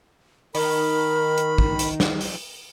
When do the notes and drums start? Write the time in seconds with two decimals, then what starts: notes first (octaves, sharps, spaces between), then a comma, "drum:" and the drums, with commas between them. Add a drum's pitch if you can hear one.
0.55 D#3 A#4 B5, drum: open hi-hat
1.38 drum: hi-hat
1.58 drum: kick
1.79 drum: hi-hat
2.00 drum: snare
2.21 drum: open hi-hat